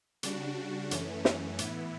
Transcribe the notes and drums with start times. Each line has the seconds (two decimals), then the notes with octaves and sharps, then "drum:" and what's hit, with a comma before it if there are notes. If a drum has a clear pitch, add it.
0.23 C#3 G3 D4 F#4, drum: hi-hat
0.91 F#2 E3 A3 C#4, drum: hi-hat
1.25 drum: snare
1.59 A2 E3 B3 E4, drum: hi-hat